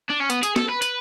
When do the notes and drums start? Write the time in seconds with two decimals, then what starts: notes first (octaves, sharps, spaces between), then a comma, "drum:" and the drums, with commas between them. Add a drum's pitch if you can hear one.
0.10 D4
0.20 C#4
0.30 B3, drum: hi-hat
0.43 G#4, drum: hi-hat
0.56 A4, drum: snare
0.69 B4
0.82 B4, drum: hi-hat